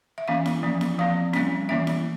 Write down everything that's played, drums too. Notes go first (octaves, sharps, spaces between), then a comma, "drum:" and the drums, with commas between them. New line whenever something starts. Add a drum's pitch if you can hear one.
E5
E3 A#3 C#4 F5
drum: snare E4
F3 A#3 C#4
drum: snare E4
F3 C4 F5
G3 A#3 C#4, drum: snare E4
E3 A#3 C#4 E5
drum: snare E4